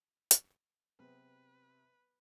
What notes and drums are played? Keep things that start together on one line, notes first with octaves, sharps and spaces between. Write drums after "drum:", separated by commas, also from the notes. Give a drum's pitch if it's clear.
drum: hi-hat
C3 F#3 B3 G#4 B4